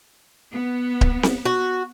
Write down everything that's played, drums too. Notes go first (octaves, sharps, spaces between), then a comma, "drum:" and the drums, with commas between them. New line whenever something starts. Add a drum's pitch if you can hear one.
B3
drum: kick D1
drum: snare C4
F#4